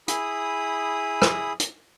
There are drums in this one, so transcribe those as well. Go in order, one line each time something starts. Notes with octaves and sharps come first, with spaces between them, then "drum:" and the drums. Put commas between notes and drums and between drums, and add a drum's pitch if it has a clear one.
E4 G#4 B5 D#6, drum: hi-hat
drum: rim click
drum: hi-hat